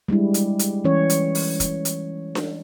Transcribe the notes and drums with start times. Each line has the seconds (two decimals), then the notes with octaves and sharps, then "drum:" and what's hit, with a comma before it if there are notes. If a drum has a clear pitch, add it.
0.08 G3 G#3 D4 E4
0.34 drum: hi-hat
0.59 drum: hi-hat
0.84 E3 C#4 C#5
1.10 drum: hi-hat
1.35 drum: open hi-hat
1.60 drum: kick, hi-hat
1.85 drum: hi-hat
2.35 drum: snare D4